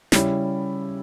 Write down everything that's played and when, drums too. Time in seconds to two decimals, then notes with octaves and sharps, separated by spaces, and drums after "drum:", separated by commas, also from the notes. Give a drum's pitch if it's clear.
0.12 C#3 G3 C#4 E4, drum: snare